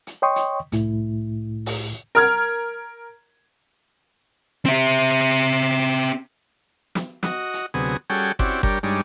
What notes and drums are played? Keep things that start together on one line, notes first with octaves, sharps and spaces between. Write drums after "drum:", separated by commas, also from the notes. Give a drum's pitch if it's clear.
drum: hi-hat
C#5 D#5 G5 C6 C#6 D#6
drum: hi-hat
C2 A2 A3 E4, drum: hi-hat
drum: open hi-hat
A#4 F6 G#6
C4 E5
drum: snare
F#4 D#5, drum: snare
drum: hi-hat
D2 C3 F#3 B3 G#4 D#6
G3 C#4 F#4 G#4 A4 G5
C4 C#4 E4 F#4 G4 D5, drum: kick G1
G3 D4 G4 A#4 C#5, drum: kick G1
G2 G3 G#3 D4 D#4 C#5